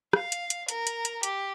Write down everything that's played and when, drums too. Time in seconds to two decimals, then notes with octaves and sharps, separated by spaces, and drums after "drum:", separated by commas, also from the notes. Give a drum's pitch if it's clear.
0.13 F5, drum: rim click
0.32 drum: hi-hat
0.50 drum: hi-hat
0.69 A#4, drum: hi-hat
0.87 drum: hi-hat
1.05 drum: hi-hat
1.23 G4, drum: hi-hat